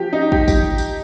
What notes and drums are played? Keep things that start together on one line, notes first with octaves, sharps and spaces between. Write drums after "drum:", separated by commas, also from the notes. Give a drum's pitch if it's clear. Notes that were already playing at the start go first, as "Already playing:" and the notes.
Already playing: F3 G4
D#4
G4, drum: kick
drum: kick, tambourine
drum: tambourine